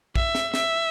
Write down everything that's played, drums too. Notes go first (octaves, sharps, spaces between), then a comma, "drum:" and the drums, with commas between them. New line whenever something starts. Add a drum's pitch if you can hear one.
E5, drum: kick
drum: snare
E5, drum: snare